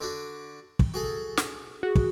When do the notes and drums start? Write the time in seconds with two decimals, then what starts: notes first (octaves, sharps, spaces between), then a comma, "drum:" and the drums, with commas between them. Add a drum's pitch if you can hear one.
0.01 D3 D4 F#4
0.79 drum: kick
0.94 F#4 G#4 A4
1.37 drum: snare
1.83 F#4 G#4
1.95 drum: kick